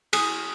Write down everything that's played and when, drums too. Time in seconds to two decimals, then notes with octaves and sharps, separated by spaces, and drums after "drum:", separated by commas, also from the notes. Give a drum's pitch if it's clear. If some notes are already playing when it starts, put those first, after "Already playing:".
0.13 G#4, drum: cymbal